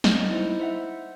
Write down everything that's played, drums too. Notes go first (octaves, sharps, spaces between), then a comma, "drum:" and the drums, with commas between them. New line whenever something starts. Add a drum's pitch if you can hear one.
D#5, drum: snare
D#4 E4 C5
C5 E5 F#5